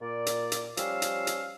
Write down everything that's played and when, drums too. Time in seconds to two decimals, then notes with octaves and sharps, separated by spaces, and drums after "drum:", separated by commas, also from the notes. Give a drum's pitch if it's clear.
0.01 A#2 D5
0.27 drum: hi-hat
0.52 drum: hi-hat
0.77 F3 G3 C#4 F5 C6 E6, drum: hi-hat
1.02 drum: hi-hat
1.27 drum: hi-hat